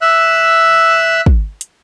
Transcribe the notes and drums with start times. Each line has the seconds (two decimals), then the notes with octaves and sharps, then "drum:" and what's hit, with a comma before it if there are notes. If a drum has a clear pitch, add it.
0.02 E5 E6 F#6
1.26 drum: kick
1.61 drum: hi-hat